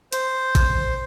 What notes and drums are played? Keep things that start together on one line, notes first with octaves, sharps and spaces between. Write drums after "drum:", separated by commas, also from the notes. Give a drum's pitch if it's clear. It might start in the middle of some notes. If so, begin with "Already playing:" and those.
C5, drum: hi-hat
drum: kick A1, hi-hat